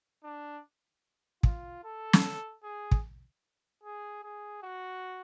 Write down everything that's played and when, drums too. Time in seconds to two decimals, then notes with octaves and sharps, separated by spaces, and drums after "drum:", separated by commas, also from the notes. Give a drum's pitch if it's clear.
0.24 D4
1.43 F4, drum: kick
1.84 A4
2.13 drum: snare
2.63 G#4
2.91 drum: kick
3.83 G#4
4.23 G#4
4.63 F#4